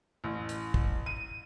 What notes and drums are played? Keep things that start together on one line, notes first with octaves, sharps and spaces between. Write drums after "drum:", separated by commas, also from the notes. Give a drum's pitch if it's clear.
A1
drum: hi-hat
drum: kick
D#7